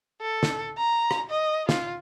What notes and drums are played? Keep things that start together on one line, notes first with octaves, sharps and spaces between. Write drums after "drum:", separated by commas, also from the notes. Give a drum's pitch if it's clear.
A4
drum: snare
A#5
drum: rim click
D#5
F4, drum: snare